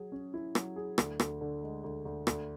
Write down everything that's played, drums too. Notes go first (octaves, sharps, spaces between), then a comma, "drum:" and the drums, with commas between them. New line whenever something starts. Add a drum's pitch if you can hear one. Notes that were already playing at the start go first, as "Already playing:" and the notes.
Already playing: F#3 G#4
C#4
E4
F#3, drum: rim click
G#4
D2, drum: rim click
D2, drum: rim click
D3
G#3
D2
D2
D2, drum: rim click